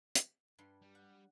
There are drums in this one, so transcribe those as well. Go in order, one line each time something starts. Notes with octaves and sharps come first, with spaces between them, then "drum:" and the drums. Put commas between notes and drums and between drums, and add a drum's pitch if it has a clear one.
drum: hi-hat
G2 G3 C6
G3
F#5